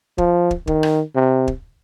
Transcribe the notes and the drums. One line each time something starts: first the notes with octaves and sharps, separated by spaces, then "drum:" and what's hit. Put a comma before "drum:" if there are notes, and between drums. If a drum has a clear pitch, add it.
F3, drum: kick
drum: kick
D#3, drum: kick
drum: rim click
C3
drum: kick